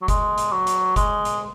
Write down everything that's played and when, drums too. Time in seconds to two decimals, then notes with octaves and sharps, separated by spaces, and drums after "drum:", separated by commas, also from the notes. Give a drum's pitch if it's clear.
0.02 F#3
0.08 G#3, drum: kick F#1, hi-hat
0.38 drum: hi-hat
0.52 F#3
0.67 drum: hi-hat
0.96 G#3, drum: kick F#1, hi-hat
1.25 drum: hi-hat